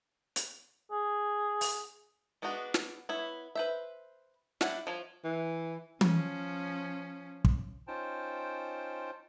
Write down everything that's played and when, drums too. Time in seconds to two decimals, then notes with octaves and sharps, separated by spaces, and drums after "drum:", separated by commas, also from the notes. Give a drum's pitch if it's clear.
0.36 drum: hi-hat
0.91 G#4
1.61 drum: open hi-hat
2.42 G#3 B3 D4 D#4 F#4
2.74 drum: snare
3.09 B3 E4 C#5
3.55 B4 C5 E5
4.61 G3 C#4 D4 E4 F#5, drum: snare
4.87 F3 F4 C#5
5.24 E3
6.01 F3 C#4, drum: tom
7.44 drum: kick
7.88 C#4 D#4 F4 C5 G5 A5